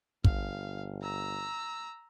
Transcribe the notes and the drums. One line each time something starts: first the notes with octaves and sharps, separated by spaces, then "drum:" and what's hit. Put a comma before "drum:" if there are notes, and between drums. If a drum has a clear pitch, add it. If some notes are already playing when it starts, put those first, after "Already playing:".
G1 F5, drum: kick
A#5 E6